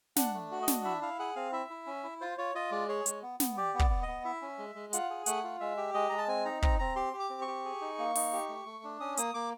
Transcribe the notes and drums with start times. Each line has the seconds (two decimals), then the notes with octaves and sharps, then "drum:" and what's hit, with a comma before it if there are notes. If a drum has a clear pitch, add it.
0.16 D4 F#5, drum: snare
0.34 A3
0.51 F#4
0.62 D#5
0.68 D4, drum: snare
0.84 E4 E5
1.01 E4 F5
1.19 G#4 F#5
1.36 C4 F5
1.52 E4 E5
1.70 E4
1.87 C#4
2.04 E4
2.21 F4 C5
2.38 F4 C#5
2.55 F4 D#5
2.71 G#3 D5
2.89 G#4 C#5
3.06 G#3, drum: hi-hat
3.23 B3
3.40 B3, drum: snare
3.57 G4 D5
3.74 B3
3.79 D5, drum: kick
3.90 B3
4.02 D#5
4.08 B3
4.24 E4 E5
4.42 C#4
4.58 G#3
4.75 G#3
4.93 F4 F#5, drum: hi-hat
5.10 G#4
5.26 A3 F#5, drum: hi-hat
5.44 F4
5.60 G#3 E5
5.77 G4
5.94 G#3 D#5
6.09 G#3 A#5
6.18 A5
6.28 C4 G#5
6.45 D#4 A#5
6.62 C4 A#5, drum: kick
6.79 C4 A#5
6.96 G4 C6
7.13 G4
7.20 D6
7.30 C4
7.42 C#6
7.47 G4
7.65 G#4
7.81 D#4
7.99 A#3
8.15 D#4, drum: open hi-hat
8.33 G4
8.49 A3
8.66 A3
8.84 D4
9.00 C#4 D#6
9.17 A#3 D#6, drum: hi-hat
9.34 A#3 D6